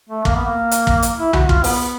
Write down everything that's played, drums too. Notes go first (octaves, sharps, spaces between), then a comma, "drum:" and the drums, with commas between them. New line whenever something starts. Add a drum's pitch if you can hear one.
A3
A#3, drum: kick
B3
A#3
drum: hi-hat
drum: kick
drum: hi-hat
E4
F#4, drum: tom C2
F4, drum: kick
B3, drum: open hi-hat